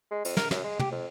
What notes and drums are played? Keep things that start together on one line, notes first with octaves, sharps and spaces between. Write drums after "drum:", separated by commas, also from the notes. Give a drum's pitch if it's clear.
G#3
F2, drum: cymbal
A#4, drum: snare
F#2, drum: snare
G#3
G4, drum: tom
F2